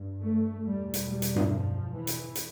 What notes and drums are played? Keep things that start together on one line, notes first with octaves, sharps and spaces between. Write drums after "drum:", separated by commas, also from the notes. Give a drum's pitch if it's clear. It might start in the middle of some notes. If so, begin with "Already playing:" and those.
Already playing: G2
A3
E2 B2 G3
drum: hi-hat
G3
drum: hi-hat
drum: tom G2
F3
E3
drum: hi-hat
drum: hi-hat